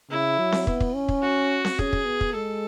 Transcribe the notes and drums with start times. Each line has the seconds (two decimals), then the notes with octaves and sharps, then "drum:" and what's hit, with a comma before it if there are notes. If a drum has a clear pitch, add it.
0.11 C#3 E4
0.39 F#3
0.52 drum: snare C4
0.67 B3, drum: kick
0.80 drum: kick
0.95 C#4
1.08 drum: kick
1.22 F#4
1.65 drum: snare C4
1.79 C#4 G#4, drum: kick
1.93 drum: kick
2.06 B3
2.21 drum: kick
2.34 G#3 A4